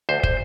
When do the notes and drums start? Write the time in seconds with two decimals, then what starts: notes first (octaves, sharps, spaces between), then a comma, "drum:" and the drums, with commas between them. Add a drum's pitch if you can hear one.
0.09 D2 C5
0.23 C5, drum: kick